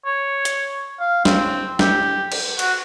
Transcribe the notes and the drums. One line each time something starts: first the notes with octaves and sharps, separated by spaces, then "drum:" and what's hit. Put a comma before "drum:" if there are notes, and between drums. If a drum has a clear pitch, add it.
C#5
drum: hi-hat
F5
C4, drum: snare
G4, drum: snare
drum: cymbal
F#4, drum: cymbal